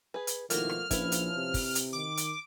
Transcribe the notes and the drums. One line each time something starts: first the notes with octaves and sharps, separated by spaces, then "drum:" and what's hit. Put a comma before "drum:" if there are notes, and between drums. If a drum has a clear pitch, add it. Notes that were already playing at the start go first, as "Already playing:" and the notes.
G#4 B4
drum: hi-hat
B2 D#3 F3 A3 A#3 E4 F#4 F6, drum: hi-hat
drum: rim click
A#1 F3 C#4 E4 B4, drum: kick, hi-hat
drum: hi-hat
C3
drum: kick, open hi-hat
drum: hi-hat
D#3 D6
drum: hi-hat